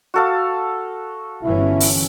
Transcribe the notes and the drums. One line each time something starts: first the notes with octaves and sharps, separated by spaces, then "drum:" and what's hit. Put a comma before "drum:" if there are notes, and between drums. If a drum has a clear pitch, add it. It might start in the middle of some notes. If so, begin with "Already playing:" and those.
F#4 A4 F5
G1 E3 C#4 E4
drum: open hi-hat